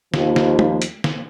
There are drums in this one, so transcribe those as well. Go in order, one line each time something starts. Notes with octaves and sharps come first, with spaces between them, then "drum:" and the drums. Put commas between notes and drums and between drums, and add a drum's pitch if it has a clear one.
D#2 F3, drum: snare
drum: snare
drum: tom
drum: hi-hat
drum: snare